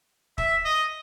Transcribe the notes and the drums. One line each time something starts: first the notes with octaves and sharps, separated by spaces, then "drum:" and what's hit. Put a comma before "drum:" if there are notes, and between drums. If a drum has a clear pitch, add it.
E5, drum: kick
D#5